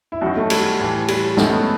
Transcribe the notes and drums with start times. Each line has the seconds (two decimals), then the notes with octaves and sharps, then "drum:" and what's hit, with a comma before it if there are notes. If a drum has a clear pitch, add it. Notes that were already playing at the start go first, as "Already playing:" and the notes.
0.12 E4
0.21 F#2 D#3 F#4
0.36 A3
0.50 G3, drum: cymbal
0.80 A2 E3
1.08 G3, drum: cymbal
1.37 F#2 D#3 A3, drum: snare D#4
1.52 B3